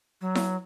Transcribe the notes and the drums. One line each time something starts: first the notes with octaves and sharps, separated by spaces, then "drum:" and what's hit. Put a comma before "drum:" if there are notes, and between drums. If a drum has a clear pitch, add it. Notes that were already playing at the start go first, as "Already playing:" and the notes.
F#3
drum: snare E4